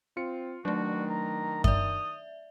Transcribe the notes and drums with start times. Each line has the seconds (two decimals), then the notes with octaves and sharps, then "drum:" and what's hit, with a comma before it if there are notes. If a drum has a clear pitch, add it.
0.17 C4 F4 C#7
0.65 D#3 F#3 A3 D4 F#4
1.10 A#5
1.64 D5 E5 D#6, drum: kick F#2